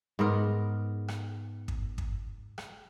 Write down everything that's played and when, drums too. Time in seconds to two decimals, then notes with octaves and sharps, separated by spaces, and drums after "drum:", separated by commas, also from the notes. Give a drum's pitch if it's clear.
0.19 G#2 B3 A#4
1.08 drum: rim click
1.68 drum: kick
1.98 drum: kick
2.58 drum: rim click